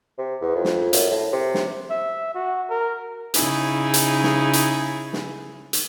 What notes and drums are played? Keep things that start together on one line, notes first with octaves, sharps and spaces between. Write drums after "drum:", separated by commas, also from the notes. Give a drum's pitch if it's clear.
C3
E2
F2
drum: snare
F#2, drum: hi-hat
A2
C3
drum: snare
E5
F#4
A#4
C#3 D#4 E4 G#4, drum: hi-hat
drum: hi-hat
drum: snare
drum: hi-hat
drum: snare
drum: hi-hat